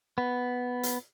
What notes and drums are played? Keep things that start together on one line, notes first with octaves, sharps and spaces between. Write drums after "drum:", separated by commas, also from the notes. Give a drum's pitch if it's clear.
B3
drum: hi-hat